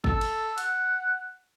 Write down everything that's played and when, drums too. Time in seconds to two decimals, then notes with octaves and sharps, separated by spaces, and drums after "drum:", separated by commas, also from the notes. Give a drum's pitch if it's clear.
0.04 A4, drum: kick
0.21 drum: cymbal
0.58 F#5, drum: hi-hat